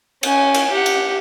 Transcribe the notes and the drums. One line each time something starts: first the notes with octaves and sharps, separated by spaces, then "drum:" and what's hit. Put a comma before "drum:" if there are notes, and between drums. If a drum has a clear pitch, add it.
C#4 G#5, drum: cymbal
drum: cymbal
G4 F#5
drum: cymbal